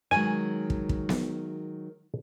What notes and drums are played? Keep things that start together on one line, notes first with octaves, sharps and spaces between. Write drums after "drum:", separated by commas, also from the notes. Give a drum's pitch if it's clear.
D#3 F#3 G#3 G#5
drum: kick
drum: kick
drum: snare B3